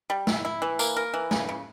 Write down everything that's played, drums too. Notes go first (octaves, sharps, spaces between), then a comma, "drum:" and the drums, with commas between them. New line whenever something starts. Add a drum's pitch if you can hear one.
G3
E4, drum: snare
E4
E3
A#3, drum: tambourine
A#4
E3
C#3, drum: snare
C#3